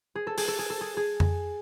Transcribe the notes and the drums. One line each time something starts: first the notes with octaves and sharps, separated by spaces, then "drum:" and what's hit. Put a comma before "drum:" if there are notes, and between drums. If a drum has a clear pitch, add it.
G#4
A4
G#4, drum: open hi-hat
A4
G#4
A4
G#4
G#4
drum: tom F2